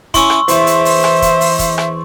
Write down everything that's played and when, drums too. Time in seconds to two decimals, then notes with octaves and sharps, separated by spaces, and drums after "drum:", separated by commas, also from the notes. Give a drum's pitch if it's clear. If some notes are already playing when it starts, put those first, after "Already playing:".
0.14 C#4 E4 C6 C#6 E6, drum: kick, hi-hat
0.30 drum: rim click
0.48 E2 C5 E5, drum: hi-hat
0.67 drum: hi-hat
0.85 drum: open hi-hat
1.04 drum: rim click
1.22 drum: kick, hi-hat
1.41 drum: open hi-hat
1.59 drum: kick, hi-hat
1.78 drum: rim click